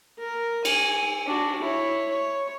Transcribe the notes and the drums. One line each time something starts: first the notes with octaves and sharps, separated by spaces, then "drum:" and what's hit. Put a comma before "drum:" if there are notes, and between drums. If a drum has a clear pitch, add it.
A#4
G#5, drum: cymbal
D4 F#4
E4 C#5
C#5